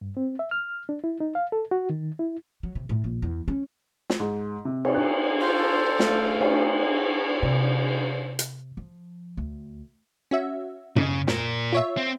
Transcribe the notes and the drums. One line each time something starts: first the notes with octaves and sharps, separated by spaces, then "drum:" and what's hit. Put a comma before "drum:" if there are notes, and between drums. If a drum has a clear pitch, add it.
G2
C4
E5
F6
D4
E4
D#4
F5
A4
F#4
D#3
E4
F#3
C3
A2
A#1
E2
C#4
drum: snare
G#2
C3
drum: cymbal
F#6
F4 A4 C5
F#2 A3 F4 F5, drum: snare
drum: cymbal
C3
drum: hi-hat
F3
D2
C#4 F#4 E5
C#3, drum: tom F#2
A#2 A#4, drum: snare
F4 C#5 E5
C4